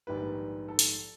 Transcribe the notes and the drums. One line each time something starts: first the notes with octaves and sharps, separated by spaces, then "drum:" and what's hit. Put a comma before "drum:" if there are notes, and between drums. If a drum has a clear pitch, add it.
A#1 G#2 D#3 G3 B4
A4
drum: hi-hat